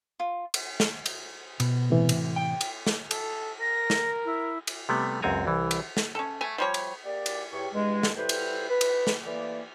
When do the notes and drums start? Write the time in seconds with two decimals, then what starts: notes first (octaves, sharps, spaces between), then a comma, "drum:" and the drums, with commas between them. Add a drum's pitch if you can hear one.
0.20 F4
0.54 drum: cymbal
0.80 drum: snare
1.06 drum: cymbal
1.60 B2, drum: cymbal
1.90 A2 C3 E3
2.09 drum: cymbal
2.36 G5
2.61 drum: cymbal
2.87 drum: snare
3.11 A4, drum: cymbal
3.60 A#4 A#6
3.90 drum: snare
4.24 E4
4.67 drum: cymbal
4.89 C3 G3 A3 B3
5.22 C#2 F#2 C4 F#4 G#5 A#5
5.47 C2 E3
5.71 drum: cymbal
5.97 drum: snare
6.15 C#4 A4
6.41 A3 G#5
6.58 F3 G3 C#5
6.74 drum: cymbal
7.05 A#3 G4 D5
7.26 drum: cymbal
7.52 E2 G4 C#5 C#6
7.73 E2 G2 G#3
8.03 drum: snare
8.16 G3 E4 G4 A4 B4 C5
8.29 drum: cymbal
8.69 B4
8.81 drum: cymbal
9.07 drum: snare
9.25 E3 A3 A#3 D5